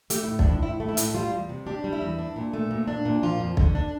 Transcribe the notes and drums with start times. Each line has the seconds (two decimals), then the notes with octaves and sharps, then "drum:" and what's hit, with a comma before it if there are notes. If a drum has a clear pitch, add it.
0.10 A3 G4, drum: hi-hat
0.24 E4
0.28 A2
0.39 D4, drum: kick
0.45 F3 E4
0.63 A2 E4
0.80 A3
0.89 E4
0.97 A2, drum: hi-hat
1.15 G3 F4
1.32 E2
1.49 C3
1.67 D4 G4
1.84 G3
1.93 E4
2.01 E2
2.19 D4
2.36 A#2
2.53 A3
2.71 A#2
2.88 D4
3.05 A#2
3.23 F3 F4
3.40 F2
3.57 D3, drum: kick
3.75 D4